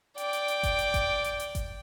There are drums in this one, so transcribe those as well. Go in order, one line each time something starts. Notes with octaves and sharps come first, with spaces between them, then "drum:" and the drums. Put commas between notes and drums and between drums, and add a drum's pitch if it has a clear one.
D5 G5, drum: hi-hat
drum: hi-hat
drum: hi-hat
drum: kick G1, hi-hat
drum: hi-hat
drum: kick G1, hi-hat
drum: hi-hat
drum: hi-hat
drum: kick G1, hi-hat